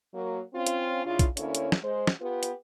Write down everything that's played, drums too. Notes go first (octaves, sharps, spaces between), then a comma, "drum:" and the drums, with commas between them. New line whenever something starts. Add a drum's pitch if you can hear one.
F#3 A#3
C4 C#4 F4
drum: hi-hat
C#3 D4 E4 F4
drum: kick, hi-hat
D2 D3 A#3 C#4 E4 C#5, drum: hi-hat
drum: hi-hat
drum: snare
G#3 C5
drum: snare
B3 F4 G4 B4
drum: hi-hat